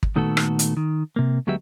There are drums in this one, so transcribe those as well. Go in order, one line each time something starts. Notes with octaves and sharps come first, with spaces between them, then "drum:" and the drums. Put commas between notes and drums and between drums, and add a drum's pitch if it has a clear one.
drum: kick
A#2 D#3 A3 B3 F#4 A4
drum: rim click
drum: hi-hat
D#3
C3 A#3
D2 F#3 G#3 B3 G4 E5